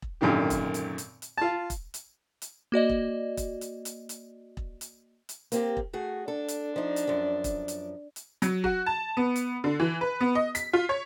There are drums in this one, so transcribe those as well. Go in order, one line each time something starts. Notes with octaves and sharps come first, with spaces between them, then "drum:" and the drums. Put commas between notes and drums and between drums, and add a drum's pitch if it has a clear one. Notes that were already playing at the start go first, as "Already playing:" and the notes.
drum: kick E1
G#1 F#2 A#2 D3 D#3 G4
drum: kick E1, hi-hat
drum: hi-hat
drum: hi-hat
drum: hi-hat
F4 A5
drum: kick E1, hi-hat
drum: hi-hat
drum: hi-hat
A#3 F#4 D5 D#5
drum: kick E1
drum: kick E1, hi-hat
drum: hi-hat
drum: hi-hat
drum: hi-hat
drum: kick E1
drum: hi-hat
drum: hi-hat
A#3 C4 G4, drum: hi-hat
drum: kick E1
A3 F#4 G#4
D4 A4
drum: hi-hat
F3 D#4
drum: hi-hat
F#2 F3
drum: kick E1, hi-hat
drum: hi-hat
drum: hi-hat
F#3, drum: hi-hat
F#4, drum: kick E1
A5
B3
drum: hi-hat
D3
E3
B4
B3
D#5
B6, drum: hi-hat
F4
C#5